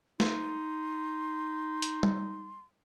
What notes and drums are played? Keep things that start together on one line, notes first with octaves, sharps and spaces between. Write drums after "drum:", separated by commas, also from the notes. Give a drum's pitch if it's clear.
D#4 C6, drum: snare
drum: hi-hat
drum: tom G3